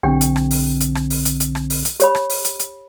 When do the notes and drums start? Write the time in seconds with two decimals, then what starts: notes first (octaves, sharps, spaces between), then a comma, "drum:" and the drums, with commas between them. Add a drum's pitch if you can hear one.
0.03 B1 D3 C4 D4 G4 G5
0.21 drum: hi-hat
0.36 drum: rim click
0.51 drum: open hi-hat
0.80 drum: hi-hat
0.95 drum: rim click
1.10 drum: open hi-hat
1.25 drum: hi-hat
1.40 drum: hi-hat
1.55 drum: rim click
1.70 drum: open hi-hat
1.85 drum: hi-hat
2.00 G4 C#5 B5, drum: hi-hat
2.15 drum: rim click
2.30 drum: open hi-hat
2.44 drum: hi-hat
2.59 drum: hi-hat